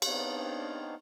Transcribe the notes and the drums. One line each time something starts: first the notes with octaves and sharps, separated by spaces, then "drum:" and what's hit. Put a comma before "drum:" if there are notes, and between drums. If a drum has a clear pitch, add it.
B3 C4 D4 D#4 C#5 F5, drum: cymbal